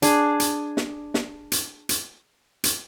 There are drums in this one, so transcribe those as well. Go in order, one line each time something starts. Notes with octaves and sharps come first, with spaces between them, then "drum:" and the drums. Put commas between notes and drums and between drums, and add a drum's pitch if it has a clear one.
D4 G#4, drum: hi-hat
drum: hi-hat
drum: snare
drum: snare
drum: hi-hat
drum: hi-hat
drum: hi-hat